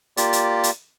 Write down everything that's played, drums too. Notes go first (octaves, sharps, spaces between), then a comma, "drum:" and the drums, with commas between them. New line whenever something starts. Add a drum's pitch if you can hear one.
A#3 F4 G4 D5, drum: hi-hat
drum: hi-hat
drum: hi-hat